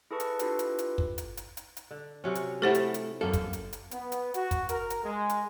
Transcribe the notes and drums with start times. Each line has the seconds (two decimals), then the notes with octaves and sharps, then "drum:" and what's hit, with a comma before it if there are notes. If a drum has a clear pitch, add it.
0.11 E4 G#4 A4 B4 A5 C#6
0.20 drum: hi-hat
0.39 D4 E4 F4 G4 A4 B4, drum: hi-hat
0.59 drum: hi-hat
0.79 drum: hi-hat
0.98 drum: kick
1.18 drum: hi-hat
1.37 drum: hi-hat
1.57 drum: hi-hat
1.77 drum: hi-hat
1.91 D3
2.24 C3 F#3 C#4
2.35 drum: hi-hat
2.62 A3 E4 G4 C5 F#5
2.75 drum: hi-hat
2.94 drum: hi-hat
3.21 F#2 A#3 A4
3.33 drum: kick, hi-hat
3.53 drum: hi-hat
3.73 drum: hi-hat
3.91 B3, drum: hi-hat
4.12 drum: hi-hat
4.34 F#4, drum: hi-hat
4.51 drum: kick, hi-hat
4.69 A#4, drum: hi-hat
4.90 drum: hi-hat
5.03 G#3
5.29 drum: hi-hat